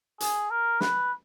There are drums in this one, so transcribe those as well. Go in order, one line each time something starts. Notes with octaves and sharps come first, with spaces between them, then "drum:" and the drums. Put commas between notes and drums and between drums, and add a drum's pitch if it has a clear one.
G#4, drum: hi-hat
A#4
B4, drum: snare